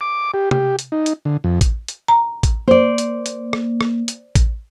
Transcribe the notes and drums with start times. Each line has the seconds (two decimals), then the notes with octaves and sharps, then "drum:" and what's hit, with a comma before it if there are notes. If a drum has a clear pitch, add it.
0.01 D6
0.34 G4
0.51 G4, drum: tom C3
0.79 drum: hi-hat
0.92 D#4
1.06 drum: hi-hat
1.25 D3
1.44 F2
1.61 drum: kick A1, hi-hat
1.88 drum: hi-hat
2.08 A#5
2.43 drum: kick A1, hi-hat
2.68 A#3 C5 D5
2.98 drum: hi-hat
3.26 drum: hi-hat
3.53 drum: rim click
3.81 drum: rim click
4.08 drum: hi-hat
4.35 drum: kick A1, hi-hat